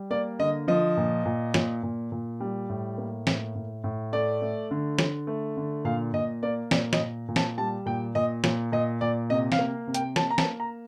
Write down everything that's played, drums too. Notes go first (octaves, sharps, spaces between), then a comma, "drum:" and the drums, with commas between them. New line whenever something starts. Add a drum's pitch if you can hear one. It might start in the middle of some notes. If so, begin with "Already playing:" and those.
Already playing: G3
A#3 D5
D3 D#5
F3 D#5
A#2
A#2
A#2, drum: snare
A#2
A#2
G3
A2
A#3
A2, drum: snare
A2
A2
A3 D5
A3
D3
D3, drum: snare
A3
D3
A#2 F5
A#2 D#5
A#3 D5
A#2 D5, drum: snare
D#5, drum: snare
A#2
A#2
A5, drum: snare
G3 A5
A#2 G5
A#2 D#5
A#2, drum: snare
A#2 D#5
A#2 D5
C3 D#5
F5, drum: snare
A#3
C3
G5, drum: hi-hat
A#3 A5, drum: snare
A#5
A5, drum: snare
A#3
A#5